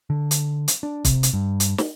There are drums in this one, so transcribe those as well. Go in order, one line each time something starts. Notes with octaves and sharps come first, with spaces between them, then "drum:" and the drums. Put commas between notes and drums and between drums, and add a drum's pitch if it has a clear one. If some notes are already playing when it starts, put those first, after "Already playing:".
D3
drum: hi-hat
drum: hi-hat
D4
C3, drum: kick, hi-hat
drum: hi-hat
G2
drum: hi-hat
drum: snare